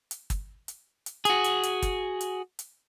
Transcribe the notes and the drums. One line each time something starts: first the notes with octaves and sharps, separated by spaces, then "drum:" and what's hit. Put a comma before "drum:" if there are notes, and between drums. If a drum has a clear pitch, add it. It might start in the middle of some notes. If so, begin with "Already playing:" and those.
drum: hi-hat
drum: kick, hi-hat
drum: hi-hat
drum: hi-hat
F#4 G#4, drum: hi-hat
drum: hi-hat
drum: hi-hat
drum: kick, hi-hat
drum: hi-hat
drum: hi-hat